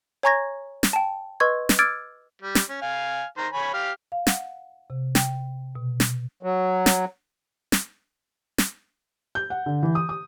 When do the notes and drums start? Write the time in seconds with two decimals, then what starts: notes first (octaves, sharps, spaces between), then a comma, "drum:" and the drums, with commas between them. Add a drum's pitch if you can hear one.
0.23 C#5 G#5 A#5 C#6 G#6 A#6
0.83 drum: snare
0.93 G5 A5
1.40 B4 D#5 C6 C#6 E6 G#6
1.69 drum: snare
1.79 D6 E6 F6 G#6 A6 D7
2.42 G3
2.55 drum: snare
2.69 C#4
2.82 F5 G#5
3.37 D#3 C5 A#5
3.53 C#5 G#5 B5
3.73 G4 F5 F6
4.12 F5
4.27 F#5, drum: snare
4.90 C3
5.15 G5, drum: snare
5.75 B2
6.00 drum: snare
6.43 F#3
6.86 drum: snare
7.72 drum: snare
8.58 drum: snare
9.35 G6
9.50 F#5
9.66 D3
9.83 E3
9.95 D#6
10.09 D#6